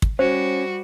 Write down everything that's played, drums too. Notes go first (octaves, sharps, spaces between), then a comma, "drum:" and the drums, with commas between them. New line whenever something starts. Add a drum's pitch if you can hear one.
drum: kick
G3 C#4 F#4 C5